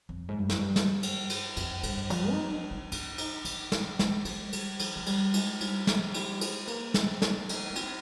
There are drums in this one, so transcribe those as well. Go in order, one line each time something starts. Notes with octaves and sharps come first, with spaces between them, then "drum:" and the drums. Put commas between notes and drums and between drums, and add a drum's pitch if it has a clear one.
F2
G#2
G2
F2, drum: snare
G2
drum: snare
drum: cymbal
drum: cymbal
F2, drum: cymbal
G2, drum: cymbal
F3, drum: cymbal
D#4
D4
D4
D4, drum: cymbal
D#4, drum: cymbal
D4, drum: cymbal
drum: snare
G#3, drum: snare
G#3, drum: cymbal
G3, drum: cymbal
F3, drum: cymbal
F3
G3, drum: cymbal
G#3, drum: cymbal
G3, drum: cymbal
F3, drum: snare
G3, drum: cymbal
G#3, drum: cymbal
A#3, drum: cymbal
C4, drum: snare
D4, drum: snare
D#4, drum: cymbal
A#3
C4, drum: cymbal